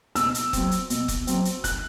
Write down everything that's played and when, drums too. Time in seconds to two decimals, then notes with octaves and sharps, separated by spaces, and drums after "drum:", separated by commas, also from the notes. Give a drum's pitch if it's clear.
0.15 B2 E6, drum: hi-hat
0.34 drum: hi-hat
0.53 F#3 C4, drum: kick F1, hi-hat
0.71 drum: hi-hat
0.90 B2, drum: hi-hat
1.08 drum: kick F1, hi-hat
1.27 F#3 C4, drum: hi-hat
1.45 drum: hi-hat
1.64 F#6, drum: kick F1, hi-hat